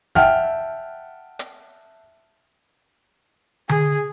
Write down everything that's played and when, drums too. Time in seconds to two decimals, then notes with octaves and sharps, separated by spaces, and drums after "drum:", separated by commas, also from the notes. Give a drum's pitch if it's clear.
0.15 E5 F#5 G5 A5 F6, drum: snare
1.39 drum: hi-hat
3.69 G#4, drum: tom D3